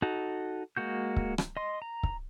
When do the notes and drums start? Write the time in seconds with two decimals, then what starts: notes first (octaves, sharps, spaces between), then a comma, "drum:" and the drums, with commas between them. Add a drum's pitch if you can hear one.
0.02 D#4 F#4 A4
0.77 G#3 A#3 F#4 G6
1.16 drum: kick C#1
1.38 drum: rim click
1.57 D#5 C6
1.82 A#5
2.03 drum: kick C#1